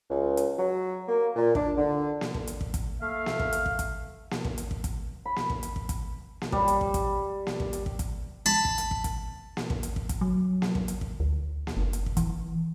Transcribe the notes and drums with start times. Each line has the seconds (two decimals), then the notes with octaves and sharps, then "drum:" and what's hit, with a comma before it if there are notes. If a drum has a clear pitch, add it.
0.10 C#2
0.37 drum: hi-hat
0.58 F#3
1.08 A#3
1.36 A#2
1.55 D4, drum: kick
1.77 D3
2.21 drum: snare A#3
2.34 drum: kick
2.47 drum: hi-hat
2.61 drum: kick
2.74 drum: kick, hi-hat
3.00 A3 A#3 E5 F5
3.26 drum: snare A#3
3.39 drum: kick
3.53 drum: hi-hat
3.66 drum: kick
3.79 drum: kick, hi-hat
4.31 drum: snare A#3
4.44 drum: kick
4.58 drum: hi-hat
4.71 drum: kick
4.84 drum: kick, hi-hat
5.25 B5
5.36 drum: snare A#3
5.50 drum: kick
5.63 drum: hi-hat
5.76 drum: kick
5.89 drum: kick, hi-hat
6.42 drum: snare A#3
6.52 G3, drum: kick
6.68 drum: hi-hat
6.81 drum: kick
6.94 drum: kick, hi-hat
7.47 drum: snare A#3
7.60 drum: kick
7.73 drum: hi-hat
7.86 drum: kick
7.99 drum: kick, hi-hat
8.46 A5 B5
8.65 drum: kick
8.78 drum: hi-hat
8.91 drum: kick
9.04 drum: kick, hi-hat
9.57 drum: snare A#3
9.70 drum: kick
9.83 drum: hi-hat
9.96 drum: kick
10.09 drum: kick, hi-hat
10.21 F#3
10.62 drum: snare A#3
10.75 drum: kick
10.88 drum: hi-hat
11.01 drum: kick
11.20 D2
11.67 drum: snare A#3
11.77 F#1
11.93 drum: hi-hat
12.06 drum: kick
12.17 E3, drum: kick, hi-hat